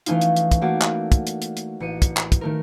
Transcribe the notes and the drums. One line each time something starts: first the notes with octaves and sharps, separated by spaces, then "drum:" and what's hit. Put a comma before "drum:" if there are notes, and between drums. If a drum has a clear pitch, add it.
E3 A3 C#4 D#4 F4, drum: hi-hat
drum: hi-hat
drum: hi-hat
drum: kick, hi-hat
A3 A#3 F#4 D5
drum: clap
drum: kick, hi-hat
drum: hi-hat
drum: hi-hat
drum: hi-hat
A1 C#7 D#7
drum: kick, hi-hat
drum: clap
drum: kick, hi-hat
D#3 A3 A#4